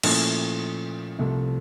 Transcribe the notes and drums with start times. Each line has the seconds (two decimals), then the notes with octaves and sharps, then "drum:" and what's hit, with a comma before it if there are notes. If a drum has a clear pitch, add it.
0.03 A#2 F3 A3 C#4 E4, drum: cymbal
1.19 C2 C3 F3 A3